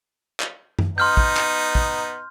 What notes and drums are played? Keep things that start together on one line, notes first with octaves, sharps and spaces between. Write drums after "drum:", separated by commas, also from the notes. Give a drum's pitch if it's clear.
drum: clap
drum: tom F#2
B3 D#4 C6 F6 G6
drum: kick
drum: clap
drum: kick